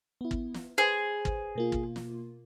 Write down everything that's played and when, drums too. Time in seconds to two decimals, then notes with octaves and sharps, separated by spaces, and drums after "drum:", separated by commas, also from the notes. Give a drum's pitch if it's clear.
0.21 B3 E4
0.31 drum: kick
0.54 drum: snare
0.78 G#4 B4 C5
1.25 drum: kick
1.55 B2 A#3 F4
1.72 drum: kick
1.96 drum: snare